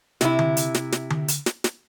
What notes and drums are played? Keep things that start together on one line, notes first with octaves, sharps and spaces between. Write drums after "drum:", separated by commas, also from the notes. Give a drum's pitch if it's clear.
C3 E4, drum: snare
drum: tom D3
drum: hi-hat
drum: snare
drum: snare
drum: tom D3
drum: hi-hat
drum: snare
drum: snare